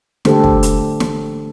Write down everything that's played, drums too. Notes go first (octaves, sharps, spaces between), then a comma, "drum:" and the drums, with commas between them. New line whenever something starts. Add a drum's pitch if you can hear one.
D3 A3 D4 G4 A4 C5, drum: snare
drum: kick
drum: hi-hat
drum: snare